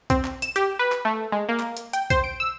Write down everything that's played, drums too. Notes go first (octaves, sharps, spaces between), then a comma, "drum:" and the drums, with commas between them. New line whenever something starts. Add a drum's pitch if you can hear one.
C4, drum: kick B1, hi-hat
drum: clap
E7, drum: hi-hat
G4, drum: hi-hat
B4
drum: clap
A3
G#3
A#3
drum: clap
drum: hi-hat
G5, drum: hi-hat
C5, drum: kick B1, hi-hat
D7
E6